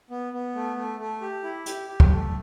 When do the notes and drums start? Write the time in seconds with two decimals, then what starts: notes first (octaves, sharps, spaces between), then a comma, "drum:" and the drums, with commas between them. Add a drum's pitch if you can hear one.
0.10 B3
0.33 B3
0.55 A3
0.77 A3
0.99 A3
1.21 G4
1.44 E4
1.66 G4, drum: hi-hat
1.88 G4
2.00 drum: kick
2.10 A3